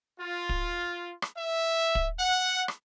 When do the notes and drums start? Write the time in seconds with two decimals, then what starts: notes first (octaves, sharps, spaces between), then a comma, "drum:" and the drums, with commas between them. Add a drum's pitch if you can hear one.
0.20 F4
0.49 drum: kick
1.22 drum: rim click
1.37 E5
1.95 drum: kick
2.20 F#5
2.68 drum: rim click